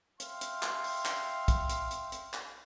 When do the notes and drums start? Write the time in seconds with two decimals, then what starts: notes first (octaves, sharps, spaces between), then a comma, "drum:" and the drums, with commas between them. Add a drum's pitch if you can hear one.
0.20 E5 F5 G5 C6, drum: hi-hat
0.41 drum: hi-hat
0.63 drum: clap
0.84 drum: open hi-hat
1.05 drum: clap
1.48 drum: kick, hi-hat
1.70 drum: hi-hat
1.91 drum: hi-hat
2.12 drum: hi-hat
2.34 drum: clap